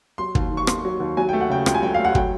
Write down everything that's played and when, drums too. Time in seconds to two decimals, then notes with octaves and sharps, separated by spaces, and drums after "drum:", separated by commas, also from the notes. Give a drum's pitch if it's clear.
0.18 F#3 C6
0.35 D#2, drum: kick
0.51 D#3
0.57 C#6
0.67 D#2 C6, drum: rim click
0.85 F#3
1.00 D#2
1.17 F#3 G#5
1.29 A3 G5
1.41 F#5
1.50 C#3 G5
1.66 C#2 G5, drum: rim click
1.75 G#5
1.82 F#3 G5
1.94 A3 F5
2.05 F#5
2.15 F#3 G5, drum: kick